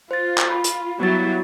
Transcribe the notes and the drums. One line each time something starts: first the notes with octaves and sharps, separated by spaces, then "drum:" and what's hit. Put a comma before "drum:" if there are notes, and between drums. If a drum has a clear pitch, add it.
F4 C5 A6
drum: clap
B5
drum: hi-hat
F#3 G3 B3 E4 A6